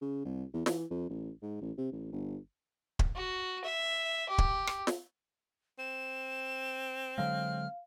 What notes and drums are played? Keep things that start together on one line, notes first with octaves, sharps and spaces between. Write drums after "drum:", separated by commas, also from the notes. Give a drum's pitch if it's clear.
C#3
C2
E2
E3, drum: snare
F2
A1
G#2
A1
C3
A1
G1
drum: kick
F#4
E5
G4
drum: kick
drum: rim click
drum: snare
C4 E7
D3 F#3 G#3 F5 F6